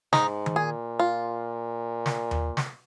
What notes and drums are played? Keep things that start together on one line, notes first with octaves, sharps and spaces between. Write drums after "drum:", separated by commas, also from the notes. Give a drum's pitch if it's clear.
G#2 D#4, drum: snare
drum: tom D#3
A#2 G#4
F4
drum: snare
drum: tom D#2
drum: snare